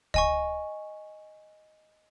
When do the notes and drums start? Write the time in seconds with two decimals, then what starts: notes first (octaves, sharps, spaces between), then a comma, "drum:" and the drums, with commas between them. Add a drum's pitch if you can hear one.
0.14 D#5 G#5 C#6, drum: kick